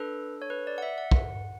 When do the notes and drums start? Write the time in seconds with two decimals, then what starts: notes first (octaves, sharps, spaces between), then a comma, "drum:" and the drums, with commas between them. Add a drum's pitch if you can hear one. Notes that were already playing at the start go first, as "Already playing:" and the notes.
Already playing: D4 A4 B4
0.42 C#5
0.50 B4
0.67 D5
0.78 F#5
0.82 E5
0.98 F#5
1.11 drum: kick